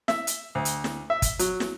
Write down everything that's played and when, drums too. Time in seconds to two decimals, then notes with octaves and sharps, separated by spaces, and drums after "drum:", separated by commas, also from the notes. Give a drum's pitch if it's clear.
0.08 E5, drum: snare
0.27 drum: hi-hat
0.55 D2
0.65 drum: hi-hat
0.84 drum: snare
1.10 E5
1.22 drum: kick, hi-hat
1.39 F#3, drum: hi-hat
1.60 drum: snare